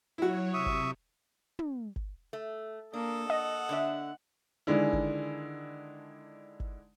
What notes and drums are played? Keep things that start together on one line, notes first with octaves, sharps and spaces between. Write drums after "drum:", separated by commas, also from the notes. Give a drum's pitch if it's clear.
F#3 E4 F#4 C#5
C3 E5 C#6 D#6
drum: kick G1
drum: tom
drum: kick G1
A3
A#3 D4 A4 D#6
D#5 F#5
D3 D4 E5
D3 D#3 G#3 D4 E4
drum: kick G1
drum: kick G1